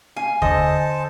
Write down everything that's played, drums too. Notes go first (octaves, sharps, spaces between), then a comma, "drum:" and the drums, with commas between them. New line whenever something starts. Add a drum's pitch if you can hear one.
F5 G#5
D3 A4 C5 D#5 A5, drum: kick D#2